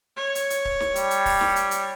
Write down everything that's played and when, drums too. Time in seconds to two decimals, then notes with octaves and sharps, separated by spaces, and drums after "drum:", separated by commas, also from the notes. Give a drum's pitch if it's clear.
0.17 C#5
0.35 drum: hi-hat
0.50 drum: hi-hat
0.65 drum: kick C#1
0.80 drum: snare
0.96 G3, drum: hi-hat
1.11 drum: hi-hat
1.26 drum: kick C#1, open hi-hat
1.41 drum: snare
1.56 drum: hi-hat
1.71 drum: hi-hat